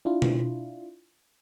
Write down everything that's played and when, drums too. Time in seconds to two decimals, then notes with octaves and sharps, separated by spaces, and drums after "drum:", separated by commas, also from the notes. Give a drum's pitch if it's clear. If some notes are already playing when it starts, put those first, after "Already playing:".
0.05 D4 E4 F4
0.22 drum: tom B2